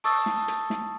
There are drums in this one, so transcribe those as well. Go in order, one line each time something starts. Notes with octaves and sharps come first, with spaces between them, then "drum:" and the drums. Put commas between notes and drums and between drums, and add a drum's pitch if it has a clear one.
A5 C#6 D#6 E6 A6, drum: open hi-hat
drum: snare
drum: hi-hat
drum: snare